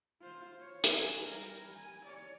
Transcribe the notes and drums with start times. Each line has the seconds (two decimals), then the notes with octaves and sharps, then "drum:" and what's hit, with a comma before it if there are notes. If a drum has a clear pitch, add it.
0.21 F4 C5
0.60 C#5
0.84 drum: hi-hat
0.94 G#5
1.24 G3 A#4
1.74 G#5
2.06 C#5 D5